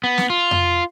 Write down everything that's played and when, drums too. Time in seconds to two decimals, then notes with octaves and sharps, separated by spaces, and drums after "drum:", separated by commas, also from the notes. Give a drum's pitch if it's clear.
0.04 B3
0.18 drum: snare
0.30 F4
0.51 drum: tom F2